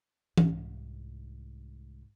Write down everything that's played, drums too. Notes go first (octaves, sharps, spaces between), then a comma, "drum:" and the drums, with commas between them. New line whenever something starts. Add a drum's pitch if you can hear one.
C2 G#2, drum: tom E3